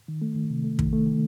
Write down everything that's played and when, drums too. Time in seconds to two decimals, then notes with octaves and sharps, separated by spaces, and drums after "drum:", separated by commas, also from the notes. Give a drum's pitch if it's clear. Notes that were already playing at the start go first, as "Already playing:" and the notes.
0.08 D#3
0.22 A3
0.36 D#3
0.50 C3
0.64 A3
0.79 D#3, drum: kick
0.93 A3
1.06 D#3